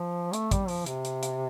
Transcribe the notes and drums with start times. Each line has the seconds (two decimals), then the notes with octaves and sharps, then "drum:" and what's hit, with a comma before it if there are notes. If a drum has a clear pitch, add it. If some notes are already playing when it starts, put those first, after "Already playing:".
Already playing: F3
0.33 A3, drum: hi-hat
0.51 G3, drum: kick, hi-hat
0.68 F3, drum: open hi-hat
0.86 C3, drum: hi-hat
1.05 drum: hi-hat
1.23 drum: hi-hat